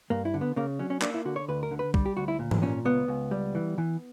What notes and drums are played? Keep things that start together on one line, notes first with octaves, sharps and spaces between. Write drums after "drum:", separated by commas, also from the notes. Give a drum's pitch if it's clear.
G2 A#3
E4
D3
B3
C#3 A#3
F#3 C#4
C#4
A#3 D4, drum: clap
E4
D3 F#4
C#5
D2 B4
A#4
D3
B4
G3, drum: kick
G4
D2 F#4
E4
A#2
drum: tom
A#2 C#4
C#2 B3
C#2
G3
E3
E3